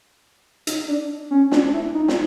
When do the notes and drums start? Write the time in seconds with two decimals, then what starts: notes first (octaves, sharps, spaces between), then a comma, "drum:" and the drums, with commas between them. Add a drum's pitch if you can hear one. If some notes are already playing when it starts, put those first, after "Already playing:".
0.67 D#4, drum: hi-hat
0.88 D4
1.31 C#4
1.52 D4, drum: snare
1.73 E4
1.94 D#4
2.08 drum: snare